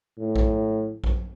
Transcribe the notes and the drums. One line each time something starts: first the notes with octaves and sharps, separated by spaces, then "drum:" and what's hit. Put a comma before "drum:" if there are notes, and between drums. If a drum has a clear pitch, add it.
A2
drum: kick A#1
drum: kick A#1